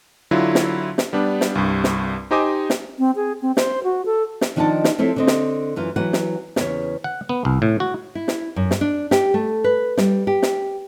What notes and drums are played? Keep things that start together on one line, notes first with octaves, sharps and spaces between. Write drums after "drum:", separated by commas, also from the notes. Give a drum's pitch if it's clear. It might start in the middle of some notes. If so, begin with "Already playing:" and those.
D3 F#3 E4 F4
drum: snare
drum: snare
G3 B3 D4
drum: snare
C2 G2
drum: snare
D#4 G4 C5 D#5 G#5 D6
drum: snare
C4
G#4
C4
C5, drum: snare
F#4
A4
drum: snare
D#3 F3 D4 D#4 F#5 A5
drum: snare
F3 C4 E4 A4 C#5 E5
D3 C4 D#5
drum: snare
F#2 E3 F4
E3 F#3 F#4 B4 F#5
drum: snare
E2 C#3 B3 C#5, drum: snare
F#5
B3
C2
A2
F#4
E4
drum: snare
F#2
drum: snare
D4
G4, drum: snare
A3
B4
G3, drum: snare
G4
drum: snare